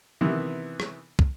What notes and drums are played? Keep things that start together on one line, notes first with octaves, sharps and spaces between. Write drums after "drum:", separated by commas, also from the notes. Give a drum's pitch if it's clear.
C3 D#3 E3 B3
drum: rim click
drum: kick